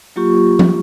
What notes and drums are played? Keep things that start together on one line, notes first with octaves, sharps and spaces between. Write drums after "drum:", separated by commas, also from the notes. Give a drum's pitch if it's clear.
F#3 A#3 F4 G4 C#6
drum: tom